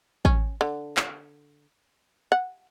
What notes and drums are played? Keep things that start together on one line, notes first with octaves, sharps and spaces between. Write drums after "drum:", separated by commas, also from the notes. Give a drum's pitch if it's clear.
C#4, drum: kick A1
D3
drum: clap
F#5